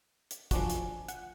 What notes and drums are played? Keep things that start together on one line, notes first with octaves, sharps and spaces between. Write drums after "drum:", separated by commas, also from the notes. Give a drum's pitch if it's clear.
drum: hi-hat
F3 D4 F4 F#4 G#5, drum: kick, hi-hat
drum: hi-hat
F#5, drum: hi-hat